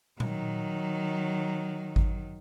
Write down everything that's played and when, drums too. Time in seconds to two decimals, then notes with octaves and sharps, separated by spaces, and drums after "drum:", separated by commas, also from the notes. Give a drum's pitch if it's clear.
0.20 D#3 F#3, drum: tom A#2
1.96 drum: kick G#1